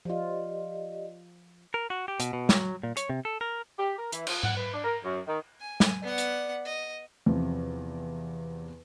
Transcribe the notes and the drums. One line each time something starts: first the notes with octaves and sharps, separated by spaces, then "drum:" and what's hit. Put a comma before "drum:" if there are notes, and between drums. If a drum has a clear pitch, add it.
F3 F4 G4 D5 D#5
A#4
F#4
G4
B2, drum: hi-hat
B2
F#3, drum: snare
A#2
C#5, drum: hi-hat
C3
A4
A#4
G4
A#4
E3, drum: hi-hat
F3, drum: cymbal
F#5, drum: tom G#2
B4
D4
A#4
F#2
D#3
G#5
drum: snare
B3 D5 F#5
drum: hi-hat
D#5
E2 C3 F3